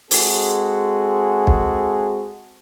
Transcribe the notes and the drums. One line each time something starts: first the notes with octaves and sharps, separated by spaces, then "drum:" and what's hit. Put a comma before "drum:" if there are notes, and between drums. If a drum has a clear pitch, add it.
G#3 C4 F#4 G#4 A4, drum: open hi-hat
drum: kick B1